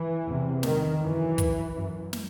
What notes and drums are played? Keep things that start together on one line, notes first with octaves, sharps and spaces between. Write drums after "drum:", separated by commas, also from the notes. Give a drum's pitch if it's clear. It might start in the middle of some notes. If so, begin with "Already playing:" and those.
Already playing: E3
E2 C3
D#3, drum: snare
F#2 E3
drum: kick, hi-hat
F#2
drum: snare